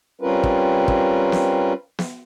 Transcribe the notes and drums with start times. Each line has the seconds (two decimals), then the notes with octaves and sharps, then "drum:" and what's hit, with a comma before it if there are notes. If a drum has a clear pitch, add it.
0.21 G3 C4 C#4 F4 A#4 B4
0.44 drum: kick
0.88 drum: kick
1.32 drum: snare
1.99 drum: snare